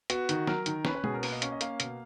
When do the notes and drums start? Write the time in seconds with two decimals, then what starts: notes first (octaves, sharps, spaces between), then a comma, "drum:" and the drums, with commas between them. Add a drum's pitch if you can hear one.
0.10 B3 F#4, drum: hi-hat
0.29 D#3, drum: hi-hat
0.47 F#3 A#4, drum: snare
0.66 D#3, drum: hi-hat
0.85 C#4 B4, drum: snare
0.95 B4
1.04 B2 G#4, drum: tom G#3
1.14 A#4
1.23 A#3 B4, drum: open hi-hat
1.32 D#5
1.42 C#4 F5, drum: hi-hat
1.52 D#5
1.61 A#3 F5, drum: hi-hat
1.80 B2, drum: hi-hat